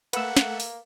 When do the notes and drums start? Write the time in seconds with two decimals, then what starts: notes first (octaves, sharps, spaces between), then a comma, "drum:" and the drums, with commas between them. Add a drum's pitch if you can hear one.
0.13 A3 A#3 A4 B4 E5 F#5 E6, drum: hi-hat
0.37 drum: snare
0.60 drum: open hi-hat